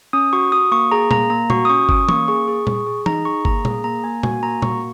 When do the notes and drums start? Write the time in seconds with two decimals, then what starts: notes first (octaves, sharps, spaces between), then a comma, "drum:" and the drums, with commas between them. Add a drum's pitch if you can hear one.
0.13 C#4 D#6
0.33 F#4 C#6
0.52 F#4 D#6
0.72 A#3 C#6
0.91 G#4 A#5
1.11 A#3 A#5, drum: tom A#2
1.30 A#3 A#5
1.50 F#4 C#6, drum: tom A#2
1.65 D#6
1.69 C#4 C#6
1.89 C#4 D#6, drum: kick G1
2.09 A#3 C#6, drum: tom E3
2.28 G#4 C#6
2.48 G#4
2.67 G#4, drum: tom A#2
2.87 G#4
3.06 D#4 A#5, drum: tom E3
3.25 G#4 C#6
3.45 A#3 A#5, drum: kick G1
3.65 G#4, drum: tom A#2
3.84 A#3 A#5
4.04 A#3 G#5
4.23 F#4 G#5, drum: tom A#2
4.43 A#3 A#5
4.62 F#4 C#6, drum: tom A#2